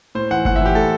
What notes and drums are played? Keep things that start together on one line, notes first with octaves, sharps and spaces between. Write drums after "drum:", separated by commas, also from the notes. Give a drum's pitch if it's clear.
A2 C5
E3 F#5
A2 F#5, drum: kick G1
E5
E3 G4
A2 A4